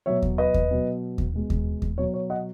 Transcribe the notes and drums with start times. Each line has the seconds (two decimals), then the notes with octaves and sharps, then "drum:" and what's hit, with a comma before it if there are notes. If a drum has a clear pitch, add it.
0.06 B2 F#3 C#5 E5
0.22 drum: kick D#2
0.38 B4 D#5
0.54 drum: kick D#2
0.71 B2 F#3
1.18 drum: kick D#2
1.33 B2 G#3
1.50 drum: kick D#2
1.82 drum: kick D#2
1.97 B2 F#3 C#5
2.14 C#5
2.30 D#5 F#5